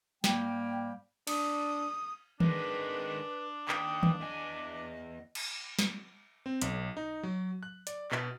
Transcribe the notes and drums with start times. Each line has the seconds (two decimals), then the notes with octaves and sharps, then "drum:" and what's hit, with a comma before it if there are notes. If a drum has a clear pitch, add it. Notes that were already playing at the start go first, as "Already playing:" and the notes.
0.24 G#2 G3 A#3 G5, drum: snare
1.27 D4 D#6, drum: cymbal
2.40 D#3 G#3 D4 B4, drum: tom D#3
3.68 D#2 G5 D#6, drum: clap
4.03 drum: tom D#3
4.20 E2 D#5 G#5
5.35 drum: cymbal
5.79 drum: snare
6.46 C4
6.62 B1, drum: hi-hat
6.97 D#4
7.23 F#3
7.63 F#6
7.87 D5, drum: hi-hat
8.11 B2, drum: clap